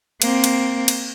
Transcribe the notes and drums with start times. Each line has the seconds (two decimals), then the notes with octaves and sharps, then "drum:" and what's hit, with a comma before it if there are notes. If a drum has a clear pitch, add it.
0.22 A#3 C4, drum: cymbal
0.44 drum: cymbal
0.88 drum: cymbal